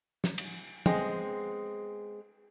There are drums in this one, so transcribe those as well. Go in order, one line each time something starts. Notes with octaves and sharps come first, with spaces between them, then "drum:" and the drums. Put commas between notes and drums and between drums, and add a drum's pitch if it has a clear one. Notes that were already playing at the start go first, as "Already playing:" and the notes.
drum: snare
drum: cymbal
G#3 B3 C4 G#4, drum: tom